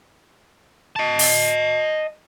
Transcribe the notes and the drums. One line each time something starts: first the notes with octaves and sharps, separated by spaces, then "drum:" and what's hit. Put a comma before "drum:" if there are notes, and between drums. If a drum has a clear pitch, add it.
D#5 A5
drum: open hi-hat